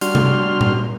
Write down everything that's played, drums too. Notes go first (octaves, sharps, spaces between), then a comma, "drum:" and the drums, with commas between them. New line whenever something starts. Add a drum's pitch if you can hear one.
G3 D4 F#4 C6 F6, drum: hi-hat
drum: tom C3
drum: tom A#2